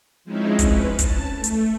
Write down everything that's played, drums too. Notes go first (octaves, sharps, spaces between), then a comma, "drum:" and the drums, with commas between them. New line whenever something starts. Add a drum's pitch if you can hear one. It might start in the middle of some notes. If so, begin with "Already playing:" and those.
F3 G#3 C4 C#4 D#4 E4
C#4 B4, drum: kick, hi-hat
A5, drum: kick, hi-hat
A3
drum: hi-hat